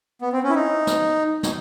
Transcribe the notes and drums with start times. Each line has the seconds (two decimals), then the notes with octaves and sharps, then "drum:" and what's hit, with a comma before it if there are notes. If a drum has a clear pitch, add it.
0.22 B3
0.33 C4
0.43 C#4
0.49 E4
0.54 D#4
0.87 drum: snare
1.43 D#4, drum: snare